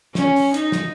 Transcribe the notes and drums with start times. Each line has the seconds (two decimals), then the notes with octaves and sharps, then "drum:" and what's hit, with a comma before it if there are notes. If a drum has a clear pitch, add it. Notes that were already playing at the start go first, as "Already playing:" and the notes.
0.15 C#4, drum: snare
0.36 drum: open hi-hat
0.54 D#4, drum: hi-hat
0.72 drum: snare